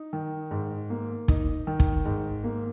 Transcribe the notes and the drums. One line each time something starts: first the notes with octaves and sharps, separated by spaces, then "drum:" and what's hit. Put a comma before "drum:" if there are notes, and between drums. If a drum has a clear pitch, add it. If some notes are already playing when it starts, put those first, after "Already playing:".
Already playing: D#4
D#3
G#2
A#3
D#4, drum: kick
D#3
drum: kick
G#2
A#3